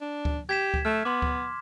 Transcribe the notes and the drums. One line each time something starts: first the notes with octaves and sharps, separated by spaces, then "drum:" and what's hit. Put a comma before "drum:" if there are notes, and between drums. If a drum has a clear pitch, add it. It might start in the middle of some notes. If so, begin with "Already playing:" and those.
D4
drum: kick D2
G4 G#6 B6 E7
drum: kick D2
A3 F6
B3 C6 D6
drum: kick D2